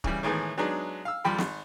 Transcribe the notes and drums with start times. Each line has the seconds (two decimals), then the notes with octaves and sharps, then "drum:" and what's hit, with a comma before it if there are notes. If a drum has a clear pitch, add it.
0.04 C#3 E3 G3, drum: kick D1
0.23 A2 D#3 E3 G#3 A3 B3
0.58 F#3 G#3 B3 D4 D#4
1.05 F5 E6
1.24 F2 F3 G3 G5 B5 C6
1.38 G#1, drum: snare